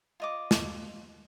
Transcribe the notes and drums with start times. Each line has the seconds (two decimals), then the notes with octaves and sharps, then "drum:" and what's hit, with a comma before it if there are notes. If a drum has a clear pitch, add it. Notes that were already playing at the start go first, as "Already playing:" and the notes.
0.20 F4 D#5 D6
0.51 drum: snare